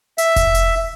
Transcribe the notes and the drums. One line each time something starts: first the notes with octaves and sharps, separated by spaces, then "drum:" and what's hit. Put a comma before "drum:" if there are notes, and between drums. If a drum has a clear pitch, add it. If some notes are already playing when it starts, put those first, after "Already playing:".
E5, drum: hi-hat
drum: kick F1, hi-hat
drum: hi-hat